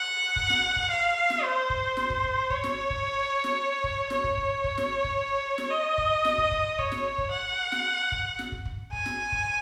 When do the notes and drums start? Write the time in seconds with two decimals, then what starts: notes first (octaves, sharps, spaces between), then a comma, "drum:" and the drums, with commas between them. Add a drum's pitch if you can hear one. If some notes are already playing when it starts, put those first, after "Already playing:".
Already playing: F#5
0.36 drum: kick
0.50 drum: snare
0.76 drum: kick
0.90 F5
1.30 drum: snare
1.43 C5
1.70 drum: kick
1.97 drum: snare
2.10 drum: kick
2.23 drum: kick
2.50 C#5, drum: kick
2.64 drum: snare
2.90 drum: kick
3.44 drum: snare
3.84 drum: kick
4.10 C#5, drum: snare
4.24 drum: kick
4.37 drum: kick
4.64 drum: kick
4.78 drum: snare
5.04 drum: kick
5.58 drum: snare
5.71 D#5
5.98 drum: kick
6.25 drum: snare
6.38 drum: kick
6.51 drum: kick
6.79 C#5, drum: kick
6.92 drum: snare
7.18 drum: kick
7.32 F#5
7.72 drum: snare
8.12 drum: kick
8.39 drum: snare
8.52 drum: kick
8.65 drum: kick
8.93 G#5, drum: kick
9.06 drum: snare
9.32 drum: kick